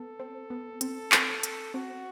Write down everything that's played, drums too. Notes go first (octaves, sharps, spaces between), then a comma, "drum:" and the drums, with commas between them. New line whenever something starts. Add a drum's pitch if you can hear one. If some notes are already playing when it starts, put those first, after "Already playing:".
Already playing: B3 A4
C4
B3
C4 A4, drum: hi-hat
C4, drum: clap
drum: hi-hat
C4 F#4